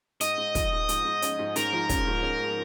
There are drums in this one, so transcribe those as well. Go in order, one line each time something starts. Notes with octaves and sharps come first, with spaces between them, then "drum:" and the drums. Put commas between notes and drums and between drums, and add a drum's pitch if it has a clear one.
G#2 D#5, drum: hi-hat
G#2
F3, drum: kick, hi-hat
G#2
G#2, drum: hi-hat
G#2
C#4, drum: hi-hat
G#2
G#2 A#4, drum: hi-hat
F3
C#4, drum: kick, hi-hat
G#2
C#4